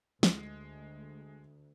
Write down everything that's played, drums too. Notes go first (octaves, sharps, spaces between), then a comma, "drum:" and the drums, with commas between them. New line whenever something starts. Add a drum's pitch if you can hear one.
D2 G#3, drum: snare